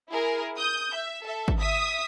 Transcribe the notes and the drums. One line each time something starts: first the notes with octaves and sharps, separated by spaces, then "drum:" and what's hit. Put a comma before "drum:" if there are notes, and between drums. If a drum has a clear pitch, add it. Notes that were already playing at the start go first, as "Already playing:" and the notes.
E4 G#4 A#4
D#6 G6
E5
A4 E5
drum: kick G#1
E5 D#6 B6